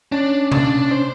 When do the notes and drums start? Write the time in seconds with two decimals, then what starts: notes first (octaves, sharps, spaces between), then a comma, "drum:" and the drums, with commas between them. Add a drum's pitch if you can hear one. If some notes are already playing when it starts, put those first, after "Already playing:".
0.12 C#4 D4
0.52 D4, drum: tom C3
0.91 C5